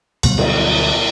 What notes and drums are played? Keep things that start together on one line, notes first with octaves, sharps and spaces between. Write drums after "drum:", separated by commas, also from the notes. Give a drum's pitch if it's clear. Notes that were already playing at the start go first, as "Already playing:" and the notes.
D2 B2 F#3 G3, drum: cymbal
drum: cymbal